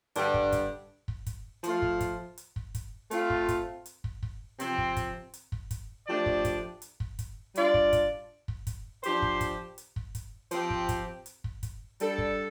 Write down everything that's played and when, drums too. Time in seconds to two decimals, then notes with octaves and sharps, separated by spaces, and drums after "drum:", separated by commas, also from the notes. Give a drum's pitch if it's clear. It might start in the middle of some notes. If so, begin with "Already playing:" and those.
0.15 G2 D3 G3 D4 G4, drum: hi-hat
0.34 drum: kick
0.52 drum: kick, hi-hat
1.08 drum: kick
1.26 drum: kick, hi-hat
1.64 F3 A3 F4, drum: hi-hat
1.82 drum: kick
2.00 drum: kick, hi-hat
2.37 drum: hi-hat
2.56 drum: kick
2.75 drum: kick, hi-hat
3.11 A3 C4 F4, drum: hi-hat
3.30 drum: kick
3.49 drum: kick, hi-hat
3.86 drum: hi-hat
4.04 drum: kick
4.23 drum: kick
4.60 C3 F3 C4, drum: hi-hat
4.78 drum: kick
4.97 drum: kick, hi-hat
5.34 drum: hi-hat
5.52 drum: kick
5.71 drum: kick, hi-hat
6.07 F3 A3 D4 G4 D5
6.26 drum: kick
6.45 drum: kick, hi-hat
6.82 drum: hi-hat
7.00 drum: kick
7.19 drum: kick, hi-hat
7.56 G3 D4 F4 D5, drum: hi-hat
7.74 drum: kick
7.93 drum: kick, hi-hat
8.48 drum: kick
8.67 drum: kick, hi-hat
9.03 F3 D4 G4 C5, drum: hi-hat
9.22 drum: kick
9.41 drum: kick, hi-hat
9.78 drum: hi-hat
9.96 drum: kick
10.15 drum: kick, hi-hat
10.51 F3 C4 G4, drum: hi-hat
10.70 drum: kick
10.89 drum: kick, hi-hat
11.26 drum: hi-hat
11.44 drum: kick
11.63 drum: kick, hi-hat
12.00 G3 D4 A4, drum: hi-hat
12.18 drum: kick